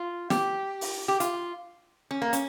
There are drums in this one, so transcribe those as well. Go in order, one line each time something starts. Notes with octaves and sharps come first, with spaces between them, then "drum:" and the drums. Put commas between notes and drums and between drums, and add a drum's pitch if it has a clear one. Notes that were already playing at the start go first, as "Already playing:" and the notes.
Already playing: F4
G4, drum: snare
drum: open hi-hat
G4
F4, drum: hi-hat
C#4
A#3
C#4, drum: hi-hat